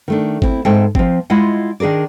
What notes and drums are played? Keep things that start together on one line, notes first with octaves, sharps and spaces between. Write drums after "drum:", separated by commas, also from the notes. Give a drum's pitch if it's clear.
D#3 A3 D4
C4 E4, drum: kick G#1
G#2 C4 A4 E5 G5 A5
F3 C4, drum: kick G#1
G#3 E4 F4 D#5 F#5
D#3 D4 G#4 A#4 D5